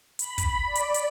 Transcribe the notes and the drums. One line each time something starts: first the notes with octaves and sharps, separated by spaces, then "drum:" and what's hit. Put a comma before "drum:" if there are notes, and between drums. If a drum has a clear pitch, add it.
B5, drum: hi-hat
drum: kick, hi-hat
D5
drum: hi-hat
drum: hi-hat